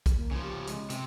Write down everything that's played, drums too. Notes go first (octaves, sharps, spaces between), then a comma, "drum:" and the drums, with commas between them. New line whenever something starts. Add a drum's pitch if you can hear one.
drum: kick B1, hi-hat
A#3
C#3 F3
G4
G#3, drum: hi-hat
C3, drum: hi-hat